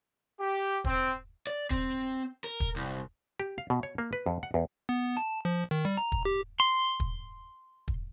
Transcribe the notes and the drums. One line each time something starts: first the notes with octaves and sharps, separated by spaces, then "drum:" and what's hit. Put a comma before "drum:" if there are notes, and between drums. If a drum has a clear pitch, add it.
G4
C4, drum: kick
D5
C4, drum: kick
A#4
drum: kick
C2
G4
F5
B2
C#5
A#3
B4
F2
F#5
E2
B3
A5
F3
D#3
G3
A#5
drum: kick
G4
C6
drum: kick
drum: kick